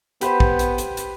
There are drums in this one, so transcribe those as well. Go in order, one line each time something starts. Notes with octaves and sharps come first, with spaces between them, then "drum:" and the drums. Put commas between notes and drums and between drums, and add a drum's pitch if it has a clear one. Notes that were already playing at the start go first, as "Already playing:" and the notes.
B3 G4 B4 C5, drum: hi-hat
drum: kick
drum: hi-hat
drum: hi-hat
drum: hi-hat